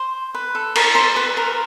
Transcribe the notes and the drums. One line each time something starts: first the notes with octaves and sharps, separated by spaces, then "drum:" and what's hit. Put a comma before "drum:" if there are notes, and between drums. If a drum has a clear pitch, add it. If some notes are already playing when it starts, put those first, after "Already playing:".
Already playing: C5
B4
A4
A#4, drum: cymbal
C5
B4
A#4